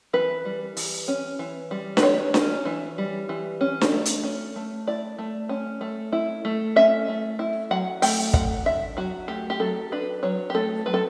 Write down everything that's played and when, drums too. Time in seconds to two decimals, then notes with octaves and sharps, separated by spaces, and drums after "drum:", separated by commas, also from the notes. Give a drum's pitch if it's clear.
0.13 E3 B4
0.45 G3
0.77 E3, drum: open hi-hat
1.08 C#4
1.39 E3
1.71 G3
1.97 B4, drum: snare D4
2.03 E3 C#5
2.34 C#4, drum: snare D4
2.65 E3
2.98 G3
3.29 E3
3.61 C#4
3.81 drum: snare D4
3.92 A3
4.05 drum: hi-hat
4.24 C#4
4.56 A3
4.87 E4 D5
5.18 A3
5.49 C#4
5.81 A3
6.12 E4
6.45 A3
6.76 C#4 E5
7.08 A3
7.39 E4
7.71 F#3 F#5
8.02 A3 G5, drum: open hi-hat
8.34 F#3 F#5, drum: kick
8.66 D4 E5
8.97 F#3 F#4
9.28 A3 G4
9.50 G4
9.60 F#3 A4
9.92 D4 B4
10.23 F#3 C#5
10.50 G4
10.55 A3 A4
10.86 F#3 B4
10.94 A4